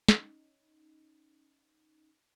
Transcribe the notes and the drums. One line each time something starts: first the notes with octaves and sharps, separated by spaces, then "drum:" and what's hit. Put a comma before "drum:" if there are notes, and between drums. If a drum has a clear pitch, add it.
C#4 D#4, drum: snare